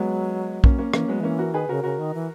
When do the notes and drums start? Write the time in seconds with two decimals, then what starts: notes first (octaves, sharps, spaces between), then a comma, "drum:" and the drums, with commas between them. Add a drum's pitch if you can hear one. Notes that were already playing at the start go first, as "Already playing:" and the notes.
Already playing: F#3 G#3 B3
0.64 A#3 C#4, drum: kick
0.78 A#3 C#4
0.94 E3 A#3 C#4, drum: rim click
1.07 F#3 G#3 B3
1.20 E3 A#3 C#4
1.39 F#4 A#4
1.54 D#3 G#4 B4
1.69 C#3 F#4 A#4
1.83 C#3 F#4 A#4
1.99 D#3
2.14 E3